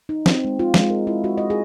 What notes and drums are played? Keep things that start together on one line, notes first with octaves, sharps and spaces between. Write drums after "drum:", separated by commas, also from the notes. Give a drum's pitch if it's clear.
D#4
C4, drum: snare
G#3
F4
G#3, drum: snare
A#4
E4
F#4
D#5
G#4